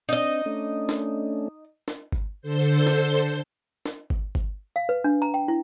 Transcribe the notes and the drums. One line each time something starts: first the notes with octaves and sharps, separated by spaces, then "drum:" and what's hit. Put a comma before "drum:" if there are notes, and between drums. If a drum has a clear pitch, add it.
C4 D4 D#4 D#5
A3 C#4 D4
drum: snare
drum: snare
drum: kick G1
D3 A4 C5 G6
drum: snare
drum: snare
drum: kick G1
drum: kick G1
F5
B4
D4
A#5
G5
E4